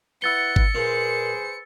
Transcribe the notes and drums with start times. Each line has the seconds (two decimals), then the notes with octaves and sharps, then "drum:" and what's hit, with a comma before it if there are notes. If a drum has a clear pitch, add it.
0.22 E4 B4 F#5 E6 A6 C#7 G7
0.56 drum: kick G#1
0.75 A#2 G#4 B4 C5